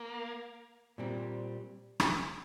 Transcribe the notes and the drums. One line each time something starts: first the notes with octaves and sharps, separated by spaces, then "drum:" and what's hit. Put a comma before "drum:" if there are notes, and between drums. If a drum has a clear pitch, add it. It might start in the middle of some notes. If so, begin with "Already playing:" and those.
Already playing: A#3
A#2 G3 C4
drum: rim click